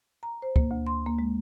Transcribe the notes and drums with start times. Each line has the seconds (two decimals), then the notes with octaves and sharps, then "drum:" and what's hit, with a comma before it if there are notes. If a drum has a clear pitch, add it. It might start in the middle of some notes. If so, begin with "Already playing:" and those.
0.23 A#5
0.42 C5
0.56 A#3, drum: kick
0.71 D2
0.87 C6
1.06 A#3
1.19 G#3